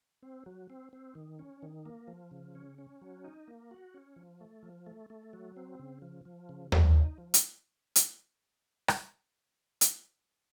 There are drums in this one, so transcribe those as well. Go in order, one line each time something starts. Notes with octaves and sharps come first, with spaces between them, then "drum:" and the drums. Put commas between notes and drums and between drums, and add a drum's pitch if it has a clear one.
C4
F#3
C4
C4
D#3
C#4
D#3
A#3
F3
C#3
C#4
C#4
F#3
D#4
A#3
F#4
C#4
F3
A3
F3
A3
A3
F#3
C4
C#3
F3
F3
C#3
F3, drum: tom D#2
D#4
F3
drum: hi-hat
drum: hi-hat
drum: rim click
drum: hi-hat